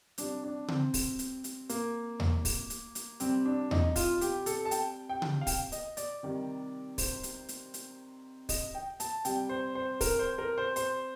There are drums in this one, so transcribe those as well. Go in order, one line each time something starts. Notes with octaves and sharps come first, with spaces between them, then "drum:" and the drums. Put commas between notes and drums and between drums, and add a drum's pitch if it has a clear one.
C3 G3 D4, drum: hi-hat
D4
C4, drum: tom C#3
drum: kick, open hi-hat
drum: hi-hat
drum: hi-hat
A#3, drum: hi-hat
drum: tom E2
drum: kick, open hi-hat
drum: hi-hat
drum: hi-hat
C3 G3 C4, drum: hi-hat
D4
D#4, drum: tom E2
F4, drum: kick, open hi-hat
G4, drum: hi-hat
A4, drum: hi-hat
A5
G5, drum: hi-hat
G5
drum: tom C#3
F5
G5, drum: kick, open hi-hat
D#5, drum: hi-hat
D5, drum: hi-hat
C3 D#3 G3
C5, drum: kick, open hi-hat
drum: hi-hat
drum: hi-hat
drum: hi-hat
D#5, drum: kick, open hi-hat
G5
A5, drum: hi-hat
C3 G3 G5, drum: hi-hat
C5
C5
A#4, drum: kick, open hi-hat
C5
A#4
C5
C5, drum: hi-hat